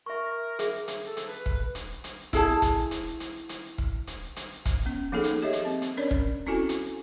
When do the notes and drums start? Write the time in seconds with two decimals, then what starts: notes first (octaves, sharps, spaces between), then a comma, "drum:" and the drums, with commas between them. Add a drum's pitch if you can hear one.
0.06 A#4 E5 C#6
0.59 G#4 E5, drum: hi-hat
0.88 drum: hi-hat
1.06 A4
1.17 drum: hi-hat
1.27 B4
1.46 drum: kick
1.75 drum: hi-hat
2.04 drum: hi-hat
2.33 E4 G#4 A5, drum: kick, hi-hat
2.62 drum: kick, hi-hat
2.91 drum: hi-hat
3.20 drum: hi-hat
3.49 drum: hi-hat
3.78 drum: kick
4.07 drum: hi-hat
4.36 drum: hi-hat
4.65 drum: kick, hi-hat
4.86 B3 C#4
5.12 F3 A#3 B3 D#4 G#4 A4
5.24 drum: hi-hat
5.42 G4 C#5 D#5 E5
5.53 drum: hi-hat
5.65 C4
5.82 drum: hi-hat
5.97 C#4 D4 A#4 C#5 D5
6.11 drum: kick
6.46 C4 C#4 E4 F#4 A4 G#5
6.69 drum: hi-hat